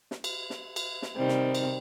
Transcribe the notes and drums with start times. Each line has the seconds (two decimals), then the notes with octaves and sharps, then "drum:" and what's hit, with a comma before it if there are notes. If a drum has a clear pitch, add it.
0.11 drum: snare
0.24 drum: cymbal
0.50 drum: snare
0.76 drum: cymbal
1.02 drum: snare
1.15 C3 D#3 G3 C4
1.28 drum: snare
1.55 drum: cymbal